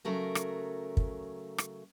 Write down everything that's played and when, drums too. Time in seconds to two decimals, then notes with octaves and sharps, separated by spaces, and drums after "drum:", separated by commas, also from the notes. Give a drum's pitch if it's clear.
0.05 C#3 F#3 A3 A#4
0.35 drum: rim click
0.97 drum: kick
1.58 drum: rim click